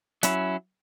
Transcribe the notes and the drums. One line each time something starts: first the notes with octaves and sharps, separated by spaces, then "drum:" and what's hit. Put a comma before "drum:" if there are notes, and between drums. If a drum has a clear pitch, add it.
F#3 C#4 E4, drum: hi-hat